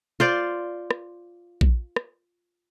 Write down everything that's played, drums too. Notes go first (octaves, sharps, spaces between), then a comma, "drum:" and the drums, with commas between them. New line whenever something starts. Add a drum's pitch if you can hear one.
F4 C5 D5
drum: rim click
drum: kick A#1
drum: rim click